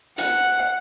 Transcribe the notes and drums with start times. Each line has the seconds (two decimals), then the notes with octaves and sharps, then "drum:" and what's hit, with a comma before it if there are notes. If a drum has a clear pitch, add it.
0.18 F#5, drum: hi-hat